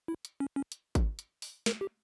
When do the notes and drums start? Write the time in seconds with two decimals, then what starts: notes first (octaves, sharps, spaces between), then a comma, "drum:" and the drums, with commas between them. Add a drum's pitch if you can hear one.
0.08 E4
0.25 drum: hi-hat
0.40 C#4
0.56 C#4
0.72 drum: hi-hat
0.95 drum: kick, hi-hat
1.19 drum: hi-hat
1.42 drum: open hi-hat
1.66 A#4, drum: snare
1.81 G4